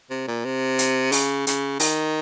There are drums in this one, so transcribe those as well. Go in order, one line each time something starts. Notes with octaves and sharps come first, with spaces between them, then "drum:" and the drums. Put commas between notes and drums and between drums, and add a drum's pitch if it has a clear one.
C3
A#2
C3
drum: hi-hat
C#3, drum: open hi-hat
C#3, drum: hi-hat
D#3, drum: open hi-hat